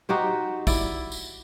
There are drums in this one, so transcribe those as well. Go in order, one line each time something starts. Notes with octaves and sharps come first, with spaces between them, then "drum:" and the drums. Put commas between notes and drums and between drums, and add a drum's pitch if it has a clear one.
D#4 F#4 G4 C5
E4 D5, drum: kick, tambourine
drum: tambourine